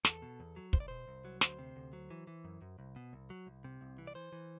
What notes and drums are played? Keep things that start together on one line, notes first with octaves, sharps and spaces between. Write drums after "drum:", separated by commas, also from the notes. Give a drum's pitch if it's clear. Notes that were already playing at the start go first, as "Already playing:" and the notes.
E2 A4, drum: snare
B2
E2
F#3
C2 C5, drum: kick
D5
B2 C5
C2
F#3
D2 C5, drum: snare
C3
D2
F#3
E3
E3
F#2
F#2
C2
B2
C2
F#3
C2
C3
C2
E3
D5
E3 C5
E3